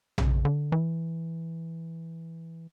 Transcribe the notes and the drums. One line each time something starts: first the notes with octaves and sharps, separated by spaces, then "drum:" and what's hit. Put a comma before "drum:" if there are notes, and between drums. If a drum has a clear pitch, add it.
C#3, drum: tom A#1
D3
E3